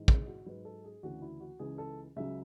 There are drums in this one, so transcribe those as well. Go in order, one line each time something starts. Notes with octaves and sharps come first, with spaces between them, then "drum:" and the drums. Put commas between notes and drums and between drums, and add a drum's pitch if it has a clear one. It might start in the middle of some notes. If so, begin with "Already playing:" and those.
Already playing: G#2 E3
G#4, drum: kick
F#4
G#2 F#3 B4
A4
G#4
D2 C#3 E3 F#4
E4
F#4
C#2 C#3 E3 G#4
A4
C#2 C#3 F#3 E5